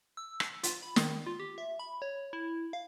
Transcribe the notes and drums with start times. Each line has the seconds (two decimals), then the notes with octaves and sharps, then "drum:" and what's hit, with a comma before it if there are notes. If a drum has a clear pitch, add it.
0.17 E6
0.40 drum: rim click
0.63 F4, drum: hi-hat
0.82 B5
0.96 D#3, drum: snare
1.27 F4
1.40 G4
1.58 E5
1.79 B5
2.02 C#5
2.33 E4
2.73 F5